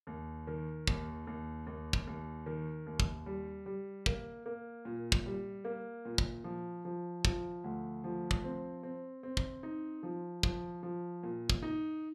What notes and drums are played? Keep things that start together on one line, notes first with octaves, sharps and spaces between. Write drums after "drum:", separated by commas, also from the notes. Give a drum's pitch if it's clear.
D#2
D#3
D#2, drum: kick
D#2
D#2
drum: kick
D#2
D#3
D#2
drum: kick
G3
G3
A#3, drum: kick
A#3
A#2
drum: kick
G3
A#3
A#2
drum: kick
F3
F3
F3, drum: kick
D2
F3
drum: kick
C4
C4
C4
drum: kick
D#4
F3
F3, drum: kick
F3
A#2
drum: kick
D#4